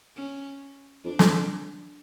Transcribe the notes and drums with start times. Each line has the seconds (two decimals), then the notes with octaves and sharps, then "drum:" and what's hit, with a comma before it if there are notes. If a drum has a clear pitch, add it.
0.16 C#4
1.04 F2 D4
1.19 F2, drum: snare